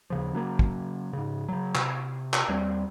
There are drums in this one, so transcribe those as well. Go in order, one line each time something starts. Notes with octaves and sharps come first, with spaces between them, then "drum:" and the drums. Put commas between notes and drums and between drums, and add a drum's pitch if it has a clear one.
D#2 C#3 F3
C#3 F#3 A3 A#3
drum: kick
G#2 C#3
C#3 F#3
C3, drum: clap
drum: clap
D#2 G3 B3 C4